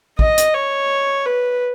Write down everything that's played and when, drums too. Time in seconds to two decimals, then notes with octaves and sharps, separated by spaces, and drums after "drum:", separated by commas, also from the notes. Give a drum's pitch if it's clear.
0.19 D#5, drum: kick A1
0.38 drum: hi-hat
0.54 C#5
1.26 B4